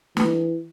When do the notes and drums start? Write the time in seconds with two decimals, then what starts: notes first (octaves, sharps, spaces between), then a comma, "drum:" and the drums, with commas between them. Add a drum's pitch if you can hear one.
0.17 E3, drum: snare